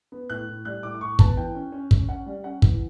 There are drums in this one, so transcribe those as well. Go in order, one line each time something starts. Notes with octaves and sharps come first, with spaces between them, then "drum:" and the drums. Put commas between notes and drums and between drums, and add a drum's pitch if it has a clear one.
B3
A2 F#6
A2
G3 F#6
A2 D6
D6
A2 C#6
B3 A5, drum: kick
E3 G5
C#4
C#4
C#4, drum: kick
C#4 F#5
G3
C#4 F#5
E3, drum: kick